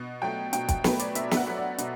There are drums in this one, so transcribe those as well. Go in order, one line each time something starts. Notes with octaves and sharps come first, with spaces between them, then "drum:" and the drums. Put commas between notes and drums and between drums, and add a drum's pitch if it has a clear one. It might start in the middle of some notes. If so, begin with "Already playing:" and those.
Already playing: B2
F#3 A3 G5
B2 G5, drum: hi-hat
G5, drum: kick, hi-hat
F#3 A3 B4, drum: snare
D5, drum: hi-hat
B2 E5, drum: hi-hat
E5, drum: snare
F#5
F#3 A3
D5
B2, drum: hi-hat